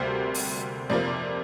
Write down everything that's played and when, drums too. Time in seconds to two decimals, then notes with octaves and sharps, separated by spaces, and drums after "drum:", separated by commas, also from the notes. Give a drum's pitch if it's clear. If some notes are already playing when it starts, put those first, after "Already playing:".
Already playing: D2 C3 G3 A#3 C5
0.34 drum: open hi-hat
0.90 F2 C3 F3 A#3 D5